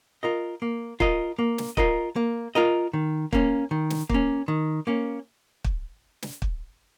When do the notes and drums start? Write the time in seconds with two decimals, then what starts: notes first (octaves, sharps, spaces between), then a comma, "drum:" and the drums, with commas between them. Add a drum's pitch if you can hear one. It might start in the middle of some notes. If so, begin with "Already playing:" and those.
0.23 F4 A#4 D#5
0.62 A#3
1.00 F4 A#4 D#5, drum: kick
1.39 A#3
1.58 drum: snare
1.77 F4 A#4 D#5, drum: kick
2.16 A#3
2.55 F4 A#4 D#5
2.93 D#3
3.33 A#3 C#4, drum: kick
3.71 D#3
3.90 drum: snare
4.09 A#3 C#4, drum: kick
4.48 D#3
4.87 A#3 C#4
5.64 drum: kick
6.22 drum: snare
6.42 drum: kick